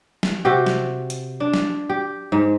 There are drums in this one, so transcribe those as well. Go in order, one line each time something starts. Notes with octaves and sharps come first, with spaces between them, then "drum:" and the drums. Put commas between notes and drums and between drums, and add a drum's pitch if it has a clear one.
drum: snare
C3 F#4 G4
drum: snare
drum: hi-hat
D4
drum: snare
G4
G#2